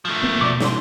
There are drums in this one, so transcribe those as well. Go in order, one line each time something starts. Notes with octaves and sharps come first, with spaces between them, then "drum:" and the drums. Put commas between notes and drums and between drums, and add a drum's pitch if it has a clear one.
F3 A3
A#3 B3
B2 D5 D6
E3 C6, drum: snare